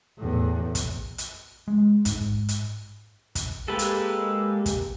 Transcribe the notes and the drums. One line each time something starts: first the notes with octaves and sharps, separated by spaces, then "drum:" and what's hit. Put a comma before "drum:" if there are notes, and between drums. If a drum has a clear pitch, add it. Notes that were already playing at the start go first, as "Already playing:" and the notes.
E2 A2
drum: kick, hi-hat
drum: hi-hat
G#3
G#2, drum: kick, hi-hat
drum: hi-hat
drum: kick, hi-hat
G#3 A#3 G4 A4 B4
drum: hi-hat
drum: kick, hi-hat